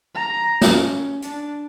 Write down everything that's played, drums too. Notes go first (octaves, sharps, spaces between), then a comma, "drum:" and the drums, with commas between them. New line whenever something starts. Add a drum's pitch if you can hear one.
A#5
C#4, drum: snare
D4, drum: hi-hat